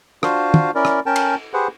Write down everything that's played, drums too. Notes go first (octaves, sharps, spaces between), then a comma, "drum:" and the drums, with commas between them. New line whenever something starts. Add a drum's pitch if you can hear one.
D4 F4 F#4 C5 F5, drum: rim click
drum: tom
C#4 E4 A#4 D5
drum: rim click
C#4 A#4 G5 A5
drum: cymbal
G4 G#4 B4 C5 F#5